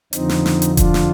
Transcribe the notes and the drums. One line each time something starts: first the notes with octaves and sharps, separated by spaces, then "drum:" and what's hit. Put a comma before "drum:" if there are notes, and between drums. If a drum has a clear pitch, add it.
F2 D3 F3 C4 D#4, drum: hi-hat
drum: snare
drum: snare
drum: hi-hat
D4 F4, drum: kick E1, hi-hat
drum: snare